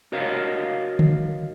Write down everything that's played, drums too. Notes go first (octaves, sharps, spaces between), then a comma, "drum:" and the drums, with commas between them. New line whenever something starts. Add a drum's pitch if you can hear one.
F#4 A#4 C#5 D#5 F5
drum: tom D3